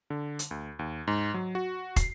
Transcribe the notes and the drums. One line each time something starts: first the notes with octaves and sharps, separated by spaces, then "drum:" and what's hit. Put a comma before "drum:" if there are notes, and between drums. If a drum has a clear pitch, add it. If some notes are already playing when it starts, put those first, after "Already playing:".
D3
drum: hi-hat
D2
D#2
G#2
F#3
F#4
C7, drum: kick, hi-hat